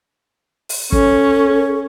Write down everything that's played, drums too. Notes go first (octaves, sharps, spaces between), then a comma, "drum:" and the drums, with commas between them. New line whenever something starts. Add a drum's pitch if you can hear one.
drum: open hi-hat
C#4 A4, drum: kick